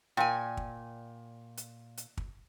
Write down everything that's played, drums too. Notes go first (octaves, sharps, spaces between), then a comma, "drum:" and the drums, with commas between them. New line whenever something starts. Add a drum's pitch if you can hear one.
A#2 G5 G#5
drum: kick
drum: hi-hat
drum: hi-hat
drum: kick